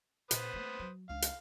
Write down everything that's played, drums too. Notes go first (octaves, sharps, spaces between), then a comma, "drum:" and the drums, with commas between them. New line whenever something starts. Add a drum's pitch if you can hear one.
A#2 B4 C5 D#6, drum: hi-hat
A3 A#3
F#3
C#2 D4 F5
drum: hi-hat